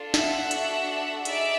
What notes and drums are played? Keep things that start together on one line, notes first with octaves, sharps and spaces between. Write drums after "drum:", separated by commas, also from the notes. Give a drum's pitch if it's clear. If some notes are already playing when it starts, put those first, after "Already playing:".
Already playing: D4 F4 A4
E5 F#5, drum: snare
D4 F#4 A4, drum: hi-hat
D#4 G#4 D5 E5, drum: hi-hat